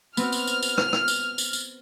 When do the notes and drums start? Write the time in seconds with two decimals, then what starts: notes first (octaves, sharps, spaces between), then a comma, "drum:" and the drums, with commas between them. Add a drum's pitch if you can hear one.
0.17 B3 C4 F#4 F6, drum: tambourine
0.32 drum: tambourine
0.47 drum: tambourine
0.63 drum: tambourine
0.78 drum: rim click
0.93 drum: rim click
1.08 drum: tambourine
1.38 drum: tambourine
1.53 drum: tambourine